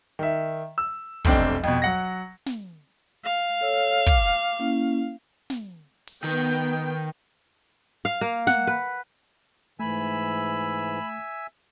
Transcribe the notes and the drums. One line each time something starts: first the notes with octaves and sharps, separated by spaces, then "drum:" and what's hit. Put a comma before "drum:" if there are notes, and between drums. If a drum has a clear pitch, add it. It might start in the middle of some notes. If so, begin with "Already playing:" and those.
D#3 E5
E6
F1 B1 C4 D4 G5, drum: kick
F2 B2, drum: open hi-hat
F#3 F#5 A#6
drum: snare
F5
A4 C#5 E6
D6, drum: kick
A#3 C#4 E4
drum: snare
drum: open hi-hat
D#3 B3 G5, drum: hi-hat
F5
A#3
F#5, drum: snare
B4
G#2 E3 A3 E5 G#5 B5 E6